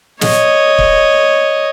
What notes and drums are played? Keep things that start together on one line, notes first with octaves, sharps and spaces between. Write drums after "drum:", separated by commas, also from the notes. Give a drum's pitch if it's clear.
C#5 D#5, drum: snare
drum: kick